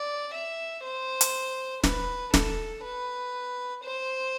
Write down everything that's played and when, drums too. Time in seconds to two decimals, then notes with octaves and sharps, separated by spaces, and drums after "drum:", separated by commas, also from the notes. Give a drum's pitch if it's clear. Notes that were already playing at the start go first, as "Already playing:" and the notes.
Already playing: D5
0.34 E5
0.84 C5
1.21 drum: hi-hat
1.84 B4, drum: snare
2.34 A4, drum: snare
2.84 B4
3.84 C5